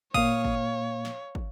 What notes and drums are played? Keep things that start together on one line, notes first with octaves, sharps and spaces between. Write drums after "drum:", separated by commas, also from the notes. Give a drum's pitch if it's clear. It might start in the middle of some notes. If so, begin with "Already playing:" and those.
A#2 A#3 C#5 F5 D#6, drum: kick
drum: kick
drum: snare
drum: kick